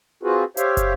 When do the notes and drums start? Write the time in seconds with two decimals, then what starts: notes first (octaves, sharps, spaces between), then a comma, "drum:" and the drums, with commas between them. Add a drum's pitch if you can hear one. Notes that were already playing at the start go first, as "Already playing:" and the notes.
0.23 C4 F4 F#4 G#4 B4
0.57 G4 C5 C#5 E5 F5 G5, drum: hi-hat
0.77 drum: kick, hi-hat